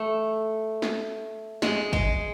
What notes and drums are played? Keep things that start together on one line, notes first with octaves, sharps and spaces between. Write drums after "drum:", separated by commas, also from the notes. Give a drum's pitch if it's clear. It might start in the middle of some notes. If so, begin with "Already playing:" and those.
Already playing: A3
drum: snare
G#3, drum: snare
G#3, drum: kick